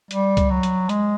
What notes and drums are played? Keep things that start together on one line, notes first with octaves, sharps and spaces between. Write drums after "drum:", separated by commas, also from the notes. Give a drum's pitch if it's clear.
G3, drum: hi-hat
drum: kick C#2, hi-hat
F#3
drum: hi-hat
G#3, drum: hi-hat